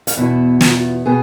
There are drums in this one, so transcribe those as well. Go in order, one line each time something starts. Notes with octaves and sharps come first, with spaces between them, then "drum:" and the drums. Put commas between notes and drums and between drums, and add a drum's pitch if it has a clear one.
F5, drum: hi-hat
E2 B2 B3 E4 E5
F4, drum: snare
B2 B3 G#4